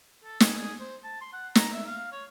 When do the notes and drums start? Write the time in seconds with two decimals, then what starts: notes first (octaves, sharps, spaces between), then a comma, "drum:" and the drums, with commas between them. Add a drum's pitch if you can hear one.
0.24 A4
0.40 G#4, drum: snare
0.58 G#4
0.80 C5
1.04 A5
1.21 C6
1.33 F#5
1.55 A#5, drum: snare
1.73 E5
1.86 F5
2.12 C#5